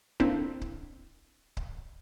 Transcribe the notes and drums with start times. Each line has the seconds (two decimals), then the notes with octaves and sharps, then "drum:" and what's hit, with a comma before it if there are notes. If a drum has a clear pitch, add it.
0.20 D3 A#3 C4 D4 E4, drum: kick C#1
0.61 drum: kick C#1
1.57 drum: kick C#1